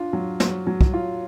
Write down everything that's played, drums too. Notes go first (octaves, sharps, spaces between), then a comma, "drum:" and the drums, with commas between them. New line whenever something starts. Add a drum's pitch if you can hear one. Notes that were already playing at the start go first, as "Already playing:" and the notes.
Already playing: D4 F4
F#3
F#3, drum: snare
F#3
drum: kick
F4